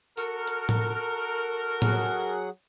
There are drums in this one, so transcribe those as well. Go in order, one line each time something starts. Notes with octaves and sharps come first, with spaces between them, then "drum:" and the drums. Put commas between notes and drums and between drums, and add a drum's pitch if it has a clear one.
F#4 A4 A#4, drum: tambourine
drum: hi-hat
drum: tom A2
F#3 G#4 F#5, drum: tom A2